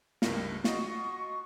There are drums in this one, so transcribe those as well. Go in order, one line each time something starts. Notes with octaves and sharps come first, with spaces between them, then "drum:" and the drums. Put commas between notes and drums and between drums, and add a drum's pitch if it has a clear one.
C#2 G2 A#4, drum: snare
F4 F#4 D#5 C#6, drum: snare